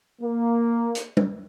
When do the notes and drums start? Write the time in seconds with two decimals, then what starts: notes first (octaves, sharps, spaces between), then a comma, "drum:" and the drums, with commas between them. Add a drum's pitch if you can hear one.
0.21 A#3
0.95 drum: hi-hat
1.17 drum: tom